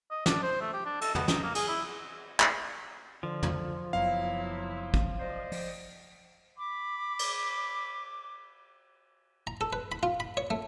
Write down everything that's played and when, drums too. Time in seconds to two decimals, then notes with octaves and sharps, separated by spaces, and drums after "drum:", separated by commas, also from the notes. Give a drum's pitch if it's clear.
0.11 D#5
0.26 D4, drum: snare
0.43 C5
0.61 A3
0.73 G4
0.85 D4
1.01 A4, drum: cymbal
1.15 B3, drum: tom
1.28 D#4, drum: snare
1.43 A#3
1.55 G#4, drum: cymbal
1.68 E4
2.40 drum: clap
3.23 D3 F3
3.43 drum: tom
3.93 F#1 F#3 B3 E4 F5
4.94 drum: kick
5.20 C5 D5 D#5
5.52 F3, drum: open hi-hat
6.58 B5 D6
7.19 drum: cymbal
9.47 A#5
9.61 A4
9.73 B4
9.92 B5
10.03 F4
10.20 B5
10.37 C#5
10.50 A3